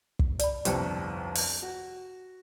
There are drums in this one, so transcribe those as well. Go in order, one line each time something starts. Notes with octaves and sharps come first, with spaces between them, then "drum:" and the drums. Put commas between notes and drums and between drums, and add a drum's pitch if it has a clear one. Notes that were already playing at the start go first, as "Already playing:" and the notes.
drum: kick
D5 B5, drum: hi-hat
G1 C2 F2 G4 C5 G5, drum: hi-hat
drum: open hi-hat
F#4